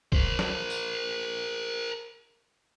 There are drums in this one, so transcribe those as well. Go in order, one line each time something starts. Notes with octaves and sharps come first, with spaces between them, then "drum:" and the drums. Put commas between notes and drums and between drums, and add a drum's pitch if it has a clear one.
A#4 C5, drum: kick
drum: snare
drum: tambourine